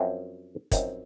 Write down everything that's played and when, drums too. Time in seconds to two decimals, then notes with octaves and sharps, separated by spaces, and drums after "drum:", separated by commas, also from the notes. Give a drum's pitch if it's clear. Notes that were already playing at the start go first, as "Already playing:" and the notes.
Already playing: F#2 F3 C4
0.71 F#2 F3 C4 D#4, drum: kick, hi-hat